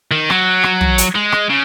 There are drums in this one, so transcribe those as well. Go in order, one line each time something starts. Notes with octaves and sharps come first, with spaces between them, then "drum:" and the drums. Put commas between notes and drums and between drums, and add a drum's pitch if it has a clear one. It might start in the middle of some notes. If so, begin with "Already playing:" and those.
D#3
F#3, drum: rim click
drum: rim click
drum: tom
drum: hi-hat
G#3
drum: rim click
C#3